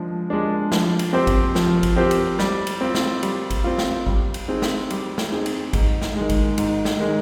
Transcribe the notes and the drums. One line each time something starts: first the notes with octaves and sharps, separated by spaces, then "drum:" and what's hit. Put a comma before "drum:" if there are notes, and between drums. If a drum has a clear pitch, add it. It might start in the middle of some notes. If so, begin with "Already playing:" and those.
Already playing: F3 G#3 D4
G#3 D4
F3, drum: snare
drum: cymbal
C4 G4 C5
drum: kick G#1, cymbal
F3, drum: snare
drum: kick G#1, cymbal
C4 G4 C5
drum: cymbal
G3, drum: snare
drum: cymbal
C4 F4
drum: snare
G3, drum: cymbal
drum: kick G#1, cymbal
C4 F4
drum: snare
G3, drum: kick G#1
drum: cymbal
C4 D#4 G#4
drum: snare
G3, drum: cymbal
drum: snare
C4 D#4 G#4
drum: cymbal
G#2, drum: kick G#1, cymbal
drum: snare
D#3 G#3
drum: kick G#1, cymbal
G#2, drum: cymbal
drum: snare
D#3 G#3